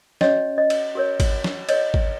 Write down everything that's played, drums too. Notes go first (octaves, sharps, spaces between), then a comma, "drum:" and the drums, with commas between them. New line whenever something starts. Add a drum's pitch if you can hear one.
C#4 F#4 C#5 D#5, drum: snare
D#5
drum: cymbal
F#4 A#4 C#5
drum: kick G#1, cymbal
drum: snare
F#4 A#4 C#5 D#5, drum: cymbal
drum: kick G#1